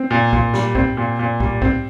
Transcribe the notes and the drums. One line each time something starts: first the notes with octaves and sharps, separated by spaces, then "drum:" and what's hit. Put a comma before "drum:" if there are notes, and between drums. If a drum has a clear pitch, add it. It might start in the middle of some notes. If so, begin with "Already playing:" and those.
Already playing: C4
A#2
A#2, drum: kick
G3, drum: snare
C4, drum: kick
A#2
A#2
G3, drum: kick
C4, drum: kick